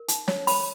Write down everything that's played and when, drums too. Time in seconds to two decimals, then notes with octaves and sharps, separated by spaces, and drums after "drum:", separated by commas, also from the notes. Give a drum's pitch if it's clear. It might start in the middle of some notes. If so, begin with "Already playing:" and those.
Already playing: A#4
0.08 D#4, drum: hi-hat
0.28 C#5, drum: snare
0.47 C#5 B5, drum: open hi-hat